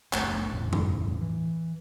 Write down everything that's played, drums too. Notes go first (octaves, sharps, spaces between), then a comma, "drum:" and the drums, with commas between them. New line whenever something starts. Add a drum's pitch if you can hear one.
F#1 C#2 A3 D4, drum: clap
G1 E2 A2
drum: tom F#2
E3